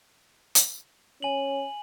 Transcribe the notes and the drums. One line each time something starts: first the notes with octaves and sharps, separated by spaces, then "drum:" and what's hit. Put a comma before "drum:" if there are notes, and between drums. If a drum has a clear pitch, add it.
drum: hi-hat
C#4 G#5 F#7